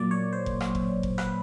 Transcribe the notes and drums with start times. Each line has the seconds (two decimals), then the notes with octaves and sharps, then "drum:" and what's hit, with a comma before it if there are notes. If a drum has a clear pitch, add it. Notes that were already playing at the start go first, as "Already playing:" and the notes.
Already playing: A#2 F#3 A#3 D5
0.11 C#5
0.33 C5
0.46 drum: kick F1
0.61 drum: rim click
0.75 drum: kick F1
1.03 drum: kick F1
1.18 B4, drum: rim click